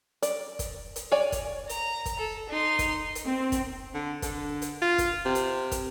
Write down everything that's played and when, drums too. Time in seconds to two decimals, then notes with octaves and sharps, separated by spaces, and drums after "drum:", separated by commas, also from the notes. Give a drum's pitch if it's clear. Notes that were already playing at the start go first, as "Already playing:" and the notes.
0.22 D5, drum: hi-hat
0.59 drum: kick, hi-hat
0.96 drum: hi-hat
1.12 C#5 D5 G#5
1.32 drum: kick, hi-hat
1.69 A#5, drum: hi-hat
2.06 drum: kick, hi-hat
2.19 A4
2.49 D#4 C6
2.79 drum: kick, hi-hat
3.15 drum: hi-hat
3.27 C4
3.52 drum: kick, hi-hat
3.94 D3
4.22 D3, drum: kick, hi-hat
4.62 drum: hi-hat
4.82 F4
4.98 drum: kick, hi-hat
5.25 C3
5.35 drum: hi-hat
5.72 drum: kick, hi-hat